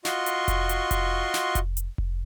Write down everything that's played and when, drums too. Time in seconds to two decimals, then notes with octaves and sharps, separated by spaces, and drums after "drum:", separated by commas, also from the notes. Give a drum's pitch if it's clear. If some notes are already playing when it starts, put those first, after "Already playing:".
0.05 F4 F#4 D#5 C6 C#6, drum: snare
0.26 drum: hi-hat
0.48 drum: kick F1, hi-hat
0.69 drum: hi-hat
0.91 drum: kick F1, hi-hat
1.34 drum: snare
1.55 drum: kick F1, hi-hat
1.77 drum: hi-hat
1.98 drum: kick F1